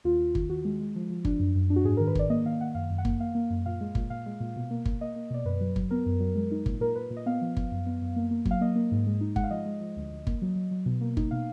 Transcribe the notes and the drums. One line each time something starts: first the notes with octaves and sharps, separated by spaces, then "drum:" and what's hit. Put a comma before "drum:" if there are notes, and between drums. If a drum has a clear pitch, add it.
D#2 F4
D#2
D#3, drum: kick G1
D#3 F#4
G#3
G#3
F3
F3
D4, drum: kick G1
F#2
F#2
D4
F#4
G#2 G#4
A#4
D#3
B4
D#3 D5, drum: kick G1
A#3 D#5
D#3 F5
D#3 F#5
F#2 F5
F#2
F#5
A#3, drum: kick G1
A#3 F5
A#3
F#2
A#2 F5
G#3
A#2, drum: kick G1
A#2 F5
G#3
A#2
B2
A#3
A#3, drum: kick G1
A#3 D#5
A#3
B2 D5
F#2 B4
F#3
F#3, drum: kick G1
B3 A#4
F#2
F#3
G#3
D#4
A#2, drum: kick G1
A#2 A#4
A#2 B4
A#2
D#5
B3 F5
F3
B3, drum: kick G1
F#2
B3
F#2
A#3
A#3
F#3, drum: kick G1
F5
A#3 D#5
A#3
G#2
G#3
D#4
G#3 F#5, drum: kick G1
F5
F3 D#5
G#3
F3
D2
D2
A#3, drum: kick G1
F#3
F#3
F#3
B2
A#3
D#4, drum: kick G1
B2 F5